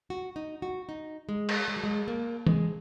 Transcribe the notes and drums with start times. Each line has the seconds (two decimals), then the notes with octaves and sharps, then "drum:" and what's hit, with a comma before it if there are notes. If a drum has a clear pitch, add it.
0.10 F#4
0.36 D#4
0.62 F#4
0.89 D#4
1.29 G#3
1.49 drum: cymbal
1.68 G#3
1.76 F#3
1.84 G#3
2.08 A#3
2.47 G#3, drum: tom E3